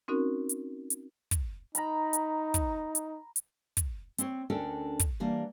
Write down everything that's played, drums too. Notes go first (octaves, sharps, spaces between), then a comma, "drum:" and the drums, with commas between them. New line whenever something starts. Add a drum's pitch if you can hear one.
C4 C#4 D#4 F#4 A#4
drum: hi-hat
drum: hi-hat
drum: kick, hi-hat
D#4 A#5 B5, drum: hi-hat
drum: hi-hat
drum: kick, hi-hat
drum: hi-hat
drum: hi-hat
drum: kick, hi-hat
C4 C#5, drum: hi-hat
D2 C#4 D4 A4 A#4 G5
drum: kick, hi-hat
E3 G3 A#3 D4